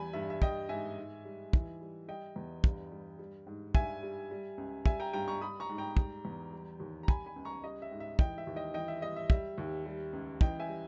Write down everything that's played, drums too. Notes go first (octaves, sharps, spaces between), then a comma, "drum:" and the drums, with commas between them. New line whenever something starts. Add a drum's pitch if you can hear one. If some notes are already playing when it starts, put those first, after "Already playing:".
Already playing: E2 G3 G#5 B5
G2 E5
E5
G3 D#5 G5, drum: kick
G#2 E5 G#5
G#2
G3
E3, drum: kick
G3
G3 D#5 G5
E2
G2, drum: kick
G3
G3
G#2
G2 E5 G#5, drum: kick
G3
G3
C#2
G3 E5 G#5, drum: kick
G5 A#5
G2 G5 A#5
A#5 C#6
G3 B5 D#6
A#5 C#6
G#2
G5 A#5
G3, drum: kick
E2
G3
D#2
A#5
G3 G#5 B5, drum: kick
G#5 B5
C#2
A#5 C#6
G3 D#5
E5
G#2
E5
E3 D#5 G5, drum: kick
E5
D#2
D#5 G5
E3 D#5 G5
E5
G3 D#5
E5
G3 E5, drum: kick
D#2
G3
C#2
E3 D#5 G5, drum: kick
E5 G#5
G3